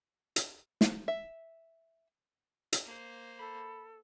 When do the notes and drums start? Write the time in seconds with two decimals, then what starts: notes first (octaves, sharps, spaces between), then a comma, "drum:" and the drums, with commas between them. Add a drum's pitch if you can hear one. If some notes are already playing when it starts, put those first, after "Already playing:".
0.36 drum: hi-hat
0.81 drum: snare
1.08 E5
2.73 drum: hi-hat
2.85 A#3 C5
3.39 A4 B5